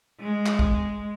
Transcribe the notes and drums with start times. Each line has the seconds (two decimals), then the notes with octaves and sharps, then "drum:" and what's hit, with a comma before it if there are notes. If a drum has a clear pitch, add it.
0.20 G#3
0.46 drum: clap
0.59 drum: kick